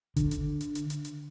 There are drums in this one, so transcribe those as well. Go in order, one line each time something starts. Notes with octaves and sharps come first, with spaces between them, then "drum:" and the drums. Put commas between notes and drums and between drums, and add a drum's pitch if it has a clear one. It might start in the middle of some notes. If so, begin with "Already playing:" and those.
D3, drum: kick G1, hi-hat
drum: hi-hat
drum: hi-hat
drum: hi-hat
drum: hi-hat
drum: hi-hat